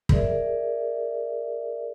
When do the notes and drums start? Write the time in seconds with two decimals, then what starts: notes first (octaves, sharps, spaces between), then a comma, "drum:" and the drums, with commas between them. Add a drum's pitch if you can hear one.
0.09 G#4 A#4 D5 E5, drum: kick